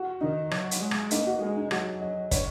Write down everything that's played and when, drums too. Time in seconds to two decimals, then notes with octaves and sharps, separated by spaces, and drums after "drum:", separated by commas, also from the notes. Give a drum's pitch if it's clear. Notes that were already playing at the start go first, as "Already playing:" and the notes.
Already playing: F#4
0.21 D#3 D#4
0.51 F#3, drum: rim click
0.71 drum: hi-hat
0.81 G#3
0.91 drum: rim click
1.11 A#3 D#4, drum: hi-hat
1.27 F#4
1.41 G#3 G#4
1.56 D#4
1.71 F#3 F#4, drum: rim click
2.01 D#5
2.31 C#5, drum: kick, hi-hat